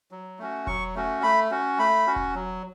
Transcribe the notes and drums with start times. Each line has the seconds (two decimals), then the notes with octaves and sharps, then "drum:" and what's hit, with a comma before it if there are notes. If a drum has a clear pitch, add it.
0.11 F#3
0.39 A3 C#4 F#4
0.67 F#3 C#6, drum: kick E1
0.95 A3 C#4 F#4
1.23 A3 B5
1.51 C#4 F#4
1.79 A3 B5
2.07 C#4 F#4
2.16 drum: kick E1
2.35 F#3